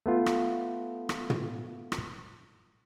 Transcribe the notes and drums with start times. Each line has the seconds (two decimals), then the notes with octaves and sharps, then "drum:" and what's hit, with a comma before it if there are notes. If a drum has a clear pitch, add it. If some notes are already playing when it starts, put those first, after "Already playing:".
0.06 A3 B3 F4
0.26 drum: rim click
1.09 drum: rim click
1.30 drum: tom
1.92 drum: rim click